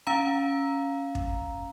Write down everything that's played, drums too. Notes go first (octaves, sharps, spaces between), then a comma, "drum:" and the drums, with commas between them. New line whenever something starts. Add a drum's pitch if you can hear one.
C#4 F5 A#5
drum: kick